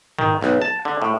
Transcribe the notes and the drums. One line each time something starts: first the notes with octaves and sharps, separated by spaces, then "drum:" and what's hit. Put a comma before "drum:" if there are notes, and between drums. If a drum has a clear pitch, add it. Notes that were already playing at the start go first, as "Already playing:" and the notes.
D#3, drum: tom G2
B1, drum: clap
A5
D3
A2